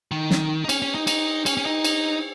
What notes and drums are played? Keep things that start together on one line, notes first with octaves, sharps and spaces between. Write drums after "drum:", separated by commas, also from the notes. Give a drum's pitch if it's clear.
D#3
drum: snare
D#4
C#4, drum: cymbal
C#4
D#4
D#4, drum: cymbal
C#4, drum: cymbal
C#4
D#4
drum: cymbal